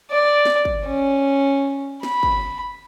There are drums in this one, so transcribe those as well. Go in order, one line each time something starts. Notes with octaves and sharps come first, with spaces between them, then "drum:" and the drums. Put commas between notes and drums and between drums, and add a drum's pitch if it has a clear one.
D5
drum: snare
drum: kick
C#4
B5, drum: snare
drum: kick